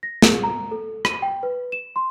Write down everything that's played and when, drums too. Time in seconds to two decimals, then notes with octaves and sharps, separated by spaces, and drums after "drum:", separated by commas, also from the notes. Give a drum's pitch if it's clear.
0.03 A#6
0.22 G#4, drum: snare
0.43 A#5
0.71 A4
1.05 D#7, drum: rim click
1.22 G5
1.43 B4
1.72 E7
1.96 C6